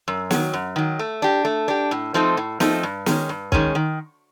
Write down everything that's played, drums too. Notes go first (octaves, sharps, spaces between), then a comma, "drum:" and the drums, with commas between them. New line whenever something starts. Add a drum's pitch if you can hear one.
F#2
D#3 F#3, drum: snare
F#2
D#3 F#3
A3
D4 G4
A3
D4 G4
A2
F3 A3 C4 D#4
A2
F3 A3 C4 D#4, drum: snare
G2
D#3 G#3 C#4, drum: snare
G2
D#3 G#3 C#4, drum: kick
D#3